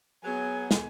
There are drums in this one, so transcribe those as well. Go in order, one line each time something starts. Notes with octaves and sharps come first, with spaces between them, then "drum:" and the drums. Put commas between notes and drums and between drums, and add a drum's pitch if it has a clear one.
F#3 B3 G#4 G#5
drum: snare